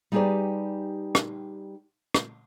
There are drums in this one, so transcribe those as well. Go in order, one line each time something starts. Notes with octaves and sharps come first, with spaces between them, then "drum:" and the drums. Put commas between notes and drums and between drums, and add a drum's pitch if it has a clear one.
G3 D#4 G4 G#4 B4 D5
drum: rim click
drum: rim click